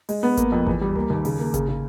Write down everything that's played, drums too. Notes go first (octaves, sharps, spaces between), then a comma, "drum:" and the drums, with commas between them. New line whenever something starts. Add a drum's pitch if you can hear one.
G#3, drum: open hi-hat
B3
A#3, drum: kick G#1, hi-hat
F2
E2, drum: kick G#1
G3
A#3, drum: tom C#2
D#2
C#3, drum: open hi-hat
A#3
C#3, drum: kick G#1, hi-hat
C#3